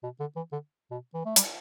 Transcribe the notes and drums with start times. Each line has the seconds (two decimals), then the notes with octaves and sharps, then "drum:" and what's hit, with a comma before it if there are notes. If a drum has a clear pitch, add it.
0.03 B2
0.20 D3
0.36 E3
0.52 D3
0.91 B2
1.14 E3
1.25 A3
1.36 G3, drum: hi-hat